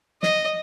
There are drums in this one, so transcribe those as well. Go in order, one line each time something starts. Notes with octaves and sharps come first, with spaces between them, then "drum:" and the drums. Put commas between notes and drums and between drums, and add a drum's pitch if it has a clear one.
D#5, drum: snare